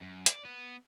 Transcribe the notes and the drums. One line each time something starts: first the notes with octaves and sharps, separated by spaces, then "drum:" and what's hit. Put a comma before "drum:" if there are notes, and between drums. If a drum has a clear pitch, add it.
F#2
D5, drum: hi-hat
B3